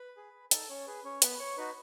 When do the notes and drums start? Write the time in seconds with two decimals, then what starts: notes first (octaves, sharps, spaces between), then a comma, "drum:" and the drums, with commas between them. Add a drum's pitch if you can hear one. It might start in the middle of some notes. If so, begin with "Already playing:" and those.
Already playing: B4 B5
0.17 G#4
0.51 D#4 A4 A5, drum: hi-hat
0.69 C#4 C#5
0.87 G#4 B4
1.04 C#4 C#5
1.22 B3 B4 B5, drum: hi-hat
1.39 C#5 C#6
1.58 D#4 F#4 B4 B5